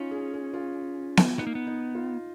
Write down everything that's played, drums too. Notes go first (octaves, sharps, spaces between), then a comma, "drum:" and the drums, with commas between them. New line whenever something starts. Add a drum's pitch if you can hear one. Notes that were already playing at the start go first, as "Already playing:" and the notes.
Already playing: C#4 D#4 F4
G#4
G#4
F4
drum: snare B3
B3 D#4
A#3
B3
D#4
F4